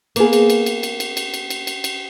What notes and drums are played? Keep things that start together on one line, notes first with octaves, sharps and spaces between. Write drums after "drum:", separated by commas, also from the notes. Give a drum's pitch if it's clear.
A#3 B3 G#4, drum: cymbal
drum: cymbal
drum: cymbal
drum: cymbal
drum: cymbal
drum: cymbal
drum: cymbal
drum: cymbal
drum: cymbal
drum: cymbal
drum: cymbal